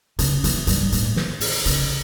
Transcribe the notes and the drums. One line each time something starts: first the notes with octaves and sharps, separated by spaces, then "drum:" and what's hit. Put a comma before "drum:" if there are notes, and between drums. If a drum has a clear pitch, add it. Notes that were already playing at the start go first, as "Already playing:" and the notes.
C#3, drum: hi-hat
E3, drum: hi-hat
G2, drum: hi-hat
A2, drum: hi-hat
drum: snare
drum: open hi-hat
C#3, drum: hi-hat